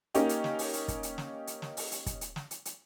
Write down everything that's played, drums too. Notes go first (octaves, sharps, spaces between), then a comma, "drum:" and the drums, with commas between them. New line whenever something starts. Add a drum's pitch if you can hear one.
A#3 C#4 D#4 G4, drum: hi-hat
drum: hi-hat
drum: snare
drum: open hi-hat
drum: hi-hat
drum: kick, hi-hat
drum: hi-hat
drum: snare
drum: hi-hat
drum: snare
drum: open hi-hat
drum: hi-hat
drum: kick, hi-hat
drum: hi-hat
drum: snare
drum: hi-hat
drum: hi-hat